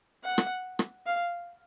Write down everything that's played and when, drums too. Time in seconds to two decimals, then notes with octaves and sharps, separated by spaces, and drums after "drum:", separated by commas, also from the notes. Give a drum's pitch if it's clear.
0.24 F#5
0.38 drum: rim click
0.79 drum: rim click
1.06 F5